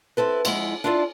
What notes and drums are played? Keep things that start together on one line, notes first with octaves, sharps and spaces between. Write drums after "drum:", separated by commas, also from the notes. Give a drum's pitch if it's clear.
C4 E4 A4 B4
F2 F3 G#3 E4 F#5, drum: cymbal
D4 E4 F4 A4 C#5 D5